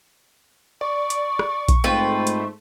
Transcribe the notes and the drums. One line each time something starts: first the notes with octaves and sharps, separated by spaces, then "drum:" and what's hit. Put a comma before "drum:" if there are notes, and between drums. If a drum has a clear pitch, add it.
D5 C#6
drum: hi-hat
drum: rim click
drum: kick A#1, hi-hat
G#2 A3 C4 F4 B4
drum: hi-hat